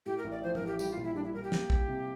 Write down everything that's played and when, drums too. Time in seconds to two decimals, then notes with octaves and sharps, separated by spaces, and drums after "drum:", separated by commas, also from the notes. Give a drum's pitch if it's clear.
0.06 A2 G4
0.18 A#4
0.24 A1
0.31 D5
0.43 F3 C5
0.55 A#4, drum: tom
0.61 A1
0.67 G4
0.79 G3 G4, drum: tambourine
0.91 F4
0.97 A#2
1.03 E4
1.15 G3 D4
1.24 E4
1.34 G3 A#4
1.43 G4
1.52 A#3, drum: snare
1.70 G3, drum: kick
1.88 C3